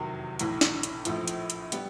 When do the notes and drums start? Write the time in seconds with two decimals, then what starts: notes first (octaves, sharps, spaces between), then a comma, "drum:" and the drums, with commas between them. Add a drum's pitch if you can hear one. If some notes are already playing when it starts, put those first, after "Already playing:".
Already playing: F1 E2 C3 D#3 F#3
0.39 B1 A2 E3, drum: hi-hat
0.61 drum: snare
0.83 drum: hi-hat
1.05 A#1 A2 F3, drum: hi-hat
1.28 drum: hi-hat
1.50 drum: hi-hat
1.72 G3 B3, drum: hi-hat